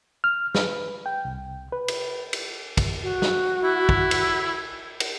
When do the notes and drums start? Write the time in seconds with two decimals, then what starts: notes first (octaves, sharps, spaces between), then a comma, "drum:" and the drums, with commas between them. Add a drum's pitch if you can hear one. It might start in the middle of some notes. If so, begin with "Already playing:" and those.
0.24 F6
0.55 B4, drum: snare
1.06 G5
1.25 C2
1.72 B4
1.88 drum: cymbal
2.33 drum: cymbal
2.77 drum: kick, cymbal
3.03 F#4
3.22 drum: snare
3.63 E4
3.89 drum: kick
4.11 drum: cymbal
5.00 drum: cymbal